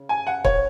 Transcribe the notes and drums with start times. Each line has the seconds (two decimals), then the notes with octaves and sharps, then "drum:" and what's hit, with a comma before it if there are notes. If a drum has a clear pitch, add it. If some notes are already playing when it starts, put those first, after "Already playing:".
Already playing: C#3
0.09 G#5
0.27 F#5
0.45 C#5, drum: kick C#1